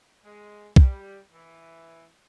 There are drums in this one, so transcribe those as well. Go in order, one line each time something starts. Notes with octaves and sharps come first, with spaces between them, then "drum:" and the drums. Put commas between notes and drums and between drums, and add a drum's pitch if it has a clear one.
G#3
G3, drum: kick
E3